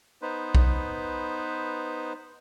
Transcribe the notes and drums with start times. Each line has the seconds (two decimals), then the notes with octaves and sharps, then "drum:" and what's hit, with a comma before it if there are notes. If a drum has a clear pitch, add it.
0.22 B3 D#4 B4 C5
0.55 drum: kick B1